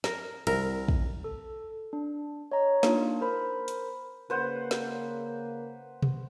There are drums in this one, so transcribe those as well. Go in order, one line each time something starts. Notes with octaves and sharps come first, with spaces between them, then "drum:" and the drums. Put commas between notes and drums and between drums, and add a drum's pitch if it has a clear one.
A#4, drum: snare
C2 A#4 E5, drum: cymbal
drum: kick
A4
D4
C#5 D#5 A#5
A#3 D4 D#4 F4 F5, drum: snare
A#4 C5 B5
drum: hi-hat
C#3 A#3 B4 C5 F#5
drum: snare
drum: tom B2